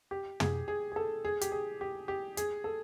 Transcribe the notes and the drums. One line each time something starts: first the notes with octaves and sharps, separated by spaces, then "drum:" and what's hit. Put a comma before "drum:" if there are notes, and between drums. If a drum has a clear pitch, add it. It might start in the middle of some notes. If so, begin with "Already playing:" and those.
G4
G#4, drum: tom
G#4
G#4
A4
G#4
G4, drum: hi-hat
G#4
G4
G4
G#4, drum: hi-hat
A4